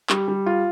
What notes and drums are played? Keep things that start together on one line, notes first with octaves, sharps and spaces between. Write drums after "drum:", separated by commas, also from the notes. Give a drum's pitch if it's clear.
G3, drum: clap
G3
F4